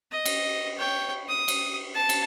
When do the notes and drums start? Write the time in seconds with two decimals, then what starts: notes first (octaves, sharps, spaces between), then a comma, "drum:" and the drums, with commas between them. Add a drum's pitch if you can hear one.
0.12 D#5
0.25 drum: cymbal
0.78 C#5 G5
1.28 D#6
1.48 drum: cymbal
1.94 A5
2.09 drum: cymbal